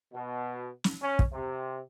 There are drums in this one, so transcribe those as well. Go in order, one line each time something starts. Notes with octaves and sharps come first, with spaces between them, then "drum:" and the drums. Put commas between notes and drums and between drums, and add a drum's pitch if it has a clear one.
B2
drum: snare
C#4
drum: kick
C3